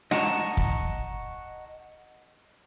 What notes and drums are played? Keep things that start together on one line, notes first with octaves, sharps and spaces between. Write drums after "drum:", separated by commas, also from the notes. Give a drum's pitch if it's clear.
D#5 F#5 A5 A#5 C#6, drum: snare
drum: kick